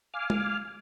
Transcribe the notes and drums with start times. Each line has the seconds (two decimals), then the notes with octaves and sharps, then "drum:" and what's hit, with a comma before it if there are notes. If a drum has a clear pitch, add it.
0.14 F5 G#5 D6 F6
0.30 drum: tom G#3